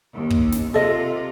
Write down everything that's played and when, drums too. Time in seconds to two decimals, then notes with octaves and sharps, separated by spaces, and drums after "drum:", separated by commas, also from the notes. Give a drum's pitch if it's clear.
0.16 D#2
0.30 drum: kick
0.52 drum: snare
0.74 C3 F4 A4 D#5